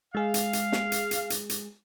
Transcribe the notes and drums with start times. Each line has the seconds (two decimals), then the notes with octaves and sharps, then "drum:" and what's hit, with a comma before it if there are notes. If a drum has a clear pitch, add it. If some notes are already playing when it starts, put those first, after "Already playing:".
0.15 G#3 G#4 F5
0.34 drum: hi-hat
0.53 drum: hi-hat
0.72 drum: snare
0.92 drum: hi-hat
1.11 drum: hi-hat
1.30 drum: hi-hat
1.49 drum: hi-hat